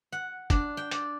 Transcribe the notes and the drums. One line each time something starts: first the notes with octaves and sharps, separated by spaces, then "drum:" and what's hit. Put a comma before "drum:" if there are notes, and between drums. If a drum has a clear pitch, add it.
F#5
D4, drum: kick, hi-hat
G5
D5, drum: hi-hat